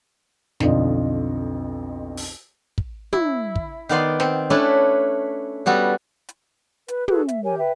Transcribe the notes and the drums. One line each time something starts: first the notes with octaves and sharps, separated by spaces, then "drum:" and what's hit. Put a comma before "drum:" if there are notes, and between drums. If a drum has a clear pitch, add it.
B1 F2 D3 F4 D5 D#5, drum: snare
drum: open hi-hat
drum: kick
E4, drum: tom
drum: kick
D#3 B3 D5 C6
C4, drum: snare
A3 C#4 D4 E4 B4 A5
G3 B3 F#4 A4
drum: hi-hat
B4, drum: hi-hat
F#4 G#4 A4 B4, drum: tom
E5, drum: hi-hat
G4 A#4 C#5 G#5
B4 E5 G5